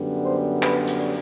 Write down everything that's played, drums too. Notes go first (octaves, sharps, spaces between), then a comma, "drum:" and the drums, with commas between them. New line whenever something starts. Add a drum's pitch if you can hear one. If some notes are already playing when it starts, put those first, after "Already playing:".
Already playing: F#2 D3 G3 B3
C5
B4, drum: clap
drum: hi-hat